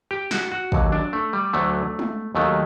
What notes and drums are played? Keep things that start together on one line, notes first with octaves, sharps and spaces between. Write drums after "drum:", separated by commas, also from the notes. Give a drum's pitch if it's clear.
G4
F#4, drum: snare
F#4
D#2 D3 F#3, drum: kick
D4
A3
G3
D2 D3 F#3 A3
drum: tom G#3
D#2 D#3 F#3 A3